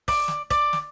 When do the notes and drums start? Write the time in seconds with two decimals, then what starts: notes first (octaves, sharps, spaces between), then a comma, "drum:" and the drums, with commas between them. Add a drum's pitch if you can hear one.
0.08 D5, drum: kick, open hi-hat
0.28 drum: snare
0.50 D5, drum: kick, hi-hat
0.73 drum: snare